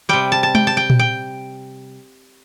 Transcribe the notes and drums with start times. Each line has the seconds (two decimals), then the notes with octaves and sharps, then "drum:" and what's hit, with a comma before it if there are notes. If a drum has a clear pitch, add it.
0.09 C3 G3 G5
0.32 A5
0.43 A5
0.55 G5, drum: tom G#3
0.67 A5
0.77 G5
0.90 drum: tom A#2
0.99 G5